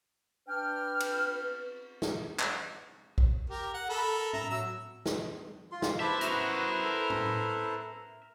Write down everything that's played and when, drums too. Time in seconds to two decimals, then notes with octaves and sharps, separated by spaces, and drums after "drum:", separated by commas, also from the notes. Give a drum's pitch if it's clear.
0.48 D4 B4 G5 F6
1.00 drum: cymbal
2.02 drum: snare
2.39 drum: clap
3.18 drum: kick
3.50 G4 A#4
3.74 F#5
3.90 A4 A#4 B5
4.33 E5 A#5, drum: tom
4.50 F#3 E6
5.06 drum: snare
5.72 F4 C6
5.82 drum: snare
6.00 E4 B4 C5 E5 A5 B5 D6
6.21 B3 F#4 A#4 E5, drum: hi-hat
6.83 A4
7.10 drum: tom